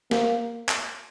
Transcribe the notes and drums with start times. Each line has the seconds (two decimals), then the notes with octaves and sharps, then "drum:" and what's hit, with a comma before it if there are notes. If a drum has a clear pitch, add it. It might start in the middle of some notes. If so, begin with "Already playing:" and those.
0.11 A#3, drum: snare
0.69 drum: clap